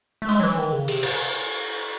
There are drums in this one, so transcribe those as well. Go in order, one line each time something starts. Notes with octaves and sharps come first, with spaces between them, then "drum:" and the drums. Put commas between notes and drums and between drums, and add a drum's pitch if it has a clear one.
A3
G#3, drum: hi-hat
F#3
E3
D#3
C#3
C3, drum: cymbal
drum: cymbal
drum: tambourine